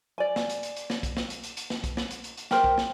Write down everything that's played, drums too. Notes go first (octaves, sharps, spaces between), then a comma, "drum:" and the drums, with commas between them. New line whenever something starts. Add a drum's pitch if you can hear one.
D5 G#5
drum: snare
drum: hi-hat
drum: hi-hat
drum: hi-hat
drum: snare
drum: kick, hi-hat
drum: snare
drum: hi-hat
drum: hi-hat
drum: hi-hat
drum: snare
drum: kick, hi-hat
drum: snare
drum: hi-hat
drum: hi-hat
drum: hi-hat
G4 A#4 C5, drum: snare
drum: kick
drum: snare